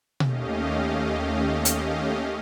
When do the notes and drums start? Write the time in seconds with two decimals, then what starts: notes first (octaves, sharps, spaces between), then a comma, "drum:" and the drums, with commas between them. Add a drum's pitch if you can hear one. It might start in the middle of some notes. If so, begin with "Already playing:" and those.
0.20 D#2 A3 C#4 G4 D#5 F5, drum: tom B2
1.65 drum: hi-hat